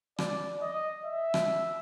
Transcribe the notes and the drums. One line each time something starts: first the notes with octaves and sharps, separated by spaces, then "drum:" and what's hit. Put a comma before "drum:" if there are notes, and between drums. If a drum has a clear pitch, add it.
D5, drum: rim click
D#5
E5
drum: rim click